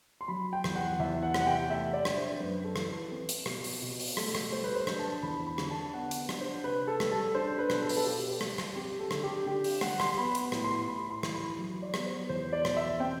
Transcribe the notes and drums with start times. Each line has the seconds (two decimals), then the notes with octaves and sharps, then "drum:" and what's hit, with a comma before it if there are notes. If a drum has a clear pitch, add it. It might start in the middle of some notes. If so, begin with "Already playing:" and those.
0.21 C6
0.28 F#3 B5
0.53 G5
0.64 E2, drum: rim click
0.75 F#5
0.99 E2 E5
1.23 F#5
1.34 C3, drum: rim click
1.41 F#5
1.47 G5
1.69 A3 E5
1.93 D5
2.05 D4, drum: rim click
2.17 C5
2.40 F#2 B4
2.64 A4
2.76 E3, drum: rim click
2.87 B4
3.12 C4
3.29 drum: hi-hat
3.46 B2, drum: rim click
3.64 drum: open hi-hat
3.82 B2
3.99 drum: open hi-hat
4.17 A3, drum: rim click
4.35 drum: rim click
4.52 G3 C5
4.64 B4
4.75 C5
4.87 D4, drum: rim click
4.99 A5
5.23 E2 B5
5.47 B5
5.58 D3, drum: rim click
5.71 A5
5.94 B3 F#5
6.11 drum: hi-hat
6.29 D4, drum: rim click
6.41 C5
6.64 C3 B4
6.87 A4
7.00 G3, drum: rim click
7.11 A4
7.35 D4 C5
7.58 B4
7.70 B2, drum: rim click
7.81 A4
7.89 B4, drum: open hi-hat
7.97 A4
8.05 B2 G4
8.29 G4
8.41 G3, drum: rim click
8.58 drum: rim click
8.76 C4 G4
8.99 A4
9.11 D3, drum: rim click
9.23 G4
9.46 D3 G4
9.64 drum: open hi-hat
9.81 G3 F#5, drum: rim click
10.00 C6, drum: rim click
10.17 B3 B5
10.35 drum: hi-hat
10.52 A2, drum: rim click
10.64 C6
10.88 A2 B5
11.11 C6
11.23 E3, drum: rim click
11.34 B5
11.59 F#3
11.82 D5
11.94 B3, drum: rim click
12.06 C5
12.29 E2 C5
12.53 D5
12.65 B2, drum: rim click
12.77 E5
13.00 C4 G5